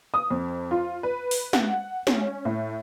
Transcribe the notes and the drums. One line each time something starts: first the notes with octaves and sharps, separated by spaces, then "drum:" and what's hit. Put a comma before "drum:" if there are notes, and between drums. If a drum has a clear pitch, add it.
D#6
F2
F4
B4
drum: open hi-hat
F#5, drum: snare
C#4, drum: snare
A2